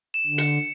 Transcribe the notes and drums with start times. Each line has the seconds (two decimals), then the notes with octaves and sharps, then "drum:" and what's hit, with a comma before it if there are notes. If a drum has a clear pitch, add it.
0.14 E7
0.26 D3
0.38 C#7, drum: hi-hat